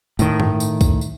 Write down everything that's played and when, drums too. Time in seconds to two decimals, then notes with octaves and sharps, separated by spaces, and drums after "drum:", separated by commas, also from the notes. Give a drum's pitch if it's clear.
0.19 A2 D#3, drum: tambourine
0.40 drum: tom
0.60 drum: tambourine
0.81 drum: kick, tambourine
1.01 drum: tambourine